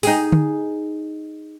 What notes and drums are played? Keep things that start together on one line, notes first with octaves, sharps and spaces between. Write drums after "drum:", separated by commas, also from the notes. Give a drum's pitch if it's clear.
D#4 G#4, drum: open hi-hat
drum: tom D3